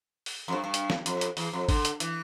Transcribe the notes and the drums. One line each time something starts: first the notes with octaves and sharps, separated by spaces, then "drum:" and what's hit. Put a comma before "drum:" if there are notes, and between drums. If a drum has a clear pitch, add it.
drum: open hi-hat
F2
G2
G2
drum: hi-hat
drum: snare
F2, drum: hi-hat
drum: hi-hat
E2, drum: open hi-hat
F2
D3, drum: kick G#1, open hi-hat
drum: hi-hat
E3, drum: hi-hat